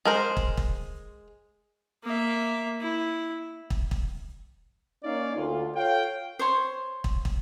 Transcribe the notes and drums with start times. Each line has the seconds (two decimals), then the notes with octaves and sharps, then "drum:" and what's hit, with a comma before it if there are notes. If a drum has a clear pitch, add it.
0.05 G#3 A#4 C5
0.37 drum: kick
0.57 drum: kick
2.03 A#3 E5
2.80 E4
3.70 drum: kick
3.91 drum: kick
5.04 A#3 C#4 D#4 C#5 D5 F5
5.36 D2 F4
5.74 F4 A4 C#5 F5 G5
6.39 C5 C#5 C6
7.04 drum: kick
7.25 drum: kick